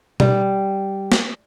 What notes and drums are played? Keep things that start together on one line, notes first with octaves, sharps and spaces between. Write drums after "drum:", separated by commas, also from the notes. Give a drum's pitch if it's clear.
G3, drum: tom B2
drum: snare